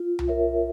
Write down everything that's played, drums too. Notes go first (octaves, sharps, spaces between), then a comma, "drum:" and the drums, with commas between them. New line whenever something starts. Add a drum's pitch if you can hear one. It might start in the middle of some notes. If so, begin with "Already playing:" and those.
Already playing: F4
drum: tom C2
A#4 C#5 E5